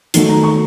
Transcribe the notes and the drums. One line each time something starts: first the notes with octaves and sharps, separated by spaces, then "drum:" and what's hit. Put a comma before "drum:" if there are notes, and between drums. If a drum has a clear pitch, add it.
D#3 F#3 A3, drum: hi-hat
A#5
C#6